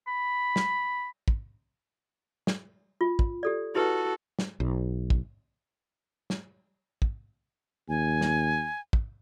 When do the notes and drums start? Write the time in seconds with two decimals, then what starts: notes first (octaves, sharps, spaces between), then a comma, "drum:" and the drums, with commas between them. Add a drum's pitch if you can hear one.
0.07 B5
0.56 drum: snare
1.28 drum: kick
2.47 drum: snare
3.01 F4
3.19 drum: kick
3.43 G4 A4 D5
3.75 E4 F#4 G4 A4 B4
4.39 drum: snare
4.60 B1
5.10 drum: kick
6.30 drum: snare
7.02 drum: kick
7.89 D#2 G#5
8.21 drum: snare
8.93 drum: kick